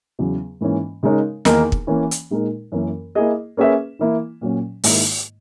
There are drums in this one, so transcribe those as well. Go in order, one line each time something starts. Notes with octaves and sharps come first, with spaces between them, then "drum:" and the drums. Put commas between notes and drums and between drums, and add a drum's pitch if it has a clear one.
E2 C#3 F#3
G#2 E3 A#3 C#4
C#3 G#3 D#4 A#4 C#5
E2 D#3 A#3 D#4 A#4, drum: snare
drum: kick
E3 A#3 C#4
drum: hi-hat
A#2 G#3 D#4 A#4
F#2 E3 A#3 C#4
A#3 E4 G#4 D#5
A#3 C#4 G#4 B4 E5
E3 A#3 E4
A#2 F#3 C#4
G#2 D#3 A#3 E4, drum: open hi-hat